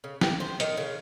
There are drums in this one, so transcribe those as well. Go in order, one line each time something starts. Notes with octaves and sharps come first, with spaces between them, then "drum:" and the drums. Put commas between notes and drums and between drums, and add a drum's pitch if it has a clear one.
C#3
G4, drum: snare
C5
D#3, drum: hi-hat
C#3